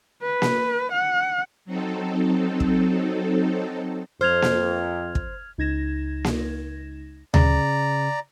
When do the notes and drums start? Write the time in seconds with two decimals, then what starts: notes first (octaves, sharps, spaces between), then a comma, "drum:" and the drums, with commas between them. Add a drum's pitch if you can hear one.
0.22 B4
0.42 drum: snare A#3
0.93 F#5
1.65 F#3 C4 D#4 A4
2.60 drum: kick
4.21 F2 C5 F6 G#6 F7
4.42 drum: snare A#3
5.15 drum: kick
5.58 C#2 D#4 G#6 A#6 E7
6.24 drum: snare A#3
7.34 C#3 D5 A#5, drum: tom D2